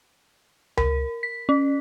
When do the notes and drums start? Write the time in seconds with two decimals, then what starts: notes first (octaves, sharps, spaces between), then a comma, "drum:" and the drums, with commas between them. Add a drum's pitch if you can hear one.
0.77 A#4, drum: tom C#2
1.23 B6
1.49 C#4